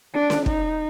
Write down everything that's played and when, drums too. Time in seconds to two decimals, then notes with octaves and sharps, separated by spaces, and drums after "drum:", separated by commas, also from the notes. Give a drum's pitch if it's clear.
0.14 D4
0.30 drum: snare C#4
0.46 D#4, drum: kick